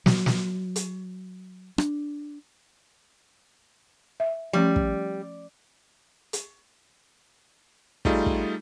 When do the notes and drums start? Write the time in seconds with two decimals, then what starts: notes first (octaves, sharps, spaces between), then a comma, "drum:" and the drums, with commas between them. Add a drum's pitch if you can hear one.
0.06 F#3, drum: snare
0.26 drum: snare
0.76 drum: hi-hat
1.78 D4, drum: rim click
4.20 E5
4.53 F3 G3 A3 C#4
4.76 drum: kick
6.33 drum: hi-hat
8.05 G3 A3 D#4 F4 G#4, drum: kick
8.26 drum: kick